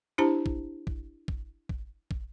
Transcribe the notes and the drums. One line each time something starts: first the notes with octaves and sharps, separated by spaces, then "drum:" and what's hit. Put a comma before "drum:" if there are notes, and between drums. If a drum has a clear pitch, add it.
D4 E4 G4 C5 A5 A#5
drum: kick
drum: kick
drum: kick
drum: kick
drum: kick